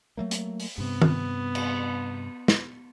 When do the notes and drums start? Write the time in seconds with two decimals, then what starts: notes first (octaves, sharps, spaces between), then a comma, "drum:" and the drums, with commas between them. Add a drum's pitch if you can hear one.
0.17 F#3 A3 A#3
0.31 drum: hi-hat
0.60 drum: open hi-hat
0.78 G2 C3 B3
1.02 drum: tom D#3
1.55 drum: cymbal
2.48 drum: snare